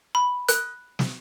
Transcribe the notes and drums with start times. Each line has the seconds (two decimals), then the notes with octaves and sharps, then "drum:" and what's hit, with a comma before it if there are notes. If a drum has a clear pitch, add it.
0.15 B5
0.49 F#6, drum: hi-hat
0.99 drum: snare